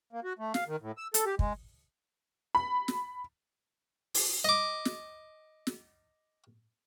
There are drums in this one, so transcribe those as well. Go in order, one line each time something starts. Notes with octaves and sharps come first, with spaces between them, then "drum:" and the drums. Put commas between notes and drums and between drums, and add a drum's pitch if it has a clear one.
A#3
F#4
A3
F5, drum: snare
D#3
A2
E6
A4, drum: hi-hat
G4
G#3, drum: kick
B5
drum: snare
drum: open hi-hat
D#5 D6
drum: snare
drum: snare